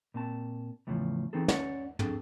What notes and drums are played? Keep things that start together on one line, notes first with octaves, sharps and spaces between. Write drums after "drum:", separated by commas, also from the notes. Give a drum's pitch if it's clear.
A#2 C4 A5
E2 A2 C#3 F3
E3 C4 D#4 G#4 A4
C#4 C#5 D5 F#5, drum: snare
C4 D4 G#4 A4, drum: tom